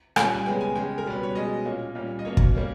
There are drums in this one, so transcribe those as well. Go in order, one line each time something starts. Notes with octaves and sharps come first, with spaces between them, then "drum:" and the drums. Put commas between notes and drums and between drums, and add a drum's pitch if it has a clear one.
A#2 G3 C#4, drum: rim click
G#5
C#3 G#3 B3 G5
G#5
C#3 G#3 C#4 G5
A#4
B2 G3 C#4 B4
C#5
B2 G#3 C#4 D#5
A#2 A#3 C#4
A#2 G3 C#4
D#5
B2 A#3 C#4 C#5
drum: kick
G3 A#3 C#4